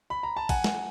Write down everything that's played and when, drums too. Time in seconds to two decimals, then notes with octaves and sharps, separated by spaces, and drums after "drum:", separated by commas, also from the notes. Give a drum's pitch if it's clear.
0.10 B5
0.23 A#5
0.37 A5
0.49 F#5 G#5, drum: kick, cymbal
0.64 drum: snare